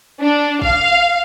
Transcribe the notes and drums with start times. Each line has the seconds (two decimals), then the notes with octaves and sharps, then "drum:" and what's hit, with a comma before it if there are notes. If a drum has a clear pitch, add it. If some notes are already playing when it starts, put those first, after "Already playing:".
0.21 D4
0.62 F5, drum: kick